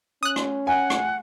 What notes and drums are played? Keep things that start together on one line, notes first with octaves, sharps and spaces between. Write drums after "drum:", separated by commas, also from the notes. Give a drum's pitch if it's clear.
C#4 D#6 F#6
drum: rim click
F#5 G#5
drum: rim click